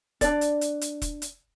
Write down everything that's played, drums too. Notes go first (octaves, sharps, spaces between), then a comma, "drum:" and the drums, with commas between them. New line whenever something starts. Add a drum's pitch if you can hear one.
D4 D5, drum: kick E1, hi-hat
drum: hi-hat
drum: hi-hat
drum: hi-hat
drum: kick E1, hi-hat
drum: hi-hat